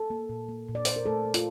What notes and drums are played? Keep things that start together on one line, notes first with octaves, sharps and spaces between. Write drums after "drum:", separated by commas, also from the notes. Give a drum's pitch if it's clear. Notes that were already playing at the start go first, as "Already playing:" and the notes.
Already playing: A4
A#3
A#2
A#3
A#2
D5
A#2 C5, drum: open hi-hat
A#4
A3 A4
A3
F4, drum: open hi-hat